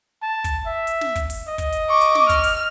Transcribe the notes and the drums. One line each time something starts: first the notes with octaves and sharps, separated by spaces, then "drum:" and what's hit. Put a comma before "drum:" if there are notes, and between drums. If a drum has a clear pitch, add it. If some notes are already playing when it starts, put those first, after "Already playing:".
A5
drum: kick, hi-hat
E5
drum: hi-hat
drum: snare
drum: kick, hi-hat
drum: open hi-hat
D#5
drum: kick, hi-hat
drum: hi-hat
C#6 D6
drum: hi-hat
drum: snare
F6, drum: kick, hi-hat
drum: open hi-hat